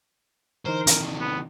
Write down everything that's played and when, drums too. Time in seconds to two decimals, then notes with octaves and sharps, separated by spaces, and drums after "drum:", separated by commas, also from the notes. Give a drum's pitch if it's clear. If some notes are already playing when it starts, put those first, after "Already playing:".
0.66 D3 E3 D#4 A#4 C5
0.87 C3 D#3, drum: hi-hat
1.21 B3